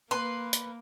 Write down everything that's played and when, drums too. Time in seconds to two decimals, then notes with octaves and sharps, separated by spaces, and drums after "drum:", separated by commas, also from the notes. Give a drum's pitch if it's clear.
0.11 A#3 B4 C6
0.53 drum: hi-hat